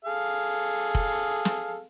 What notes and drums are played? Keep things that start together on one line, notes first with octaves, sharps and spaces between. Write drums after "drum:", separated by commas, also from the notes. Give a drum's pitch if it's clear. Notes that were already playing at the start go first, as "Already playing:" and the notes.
G#4 A4 F5
drum: kick F1
drum: snare